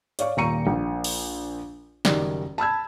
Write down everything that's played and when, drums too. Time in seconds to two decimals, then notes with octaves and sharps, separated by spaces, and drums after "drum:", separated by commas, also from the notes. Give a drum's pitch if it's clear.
0.19 C#5 D5 F5 C#6, drum: hi-hat
0.37 D#1 A#2 A#5 C#6 C#7 D#7
0.67 A#1
1.04 drum: open hi-hat
2.05 F#1 D#3 G3 D5, drum: snare
2.58 A5 B5 E6 G#6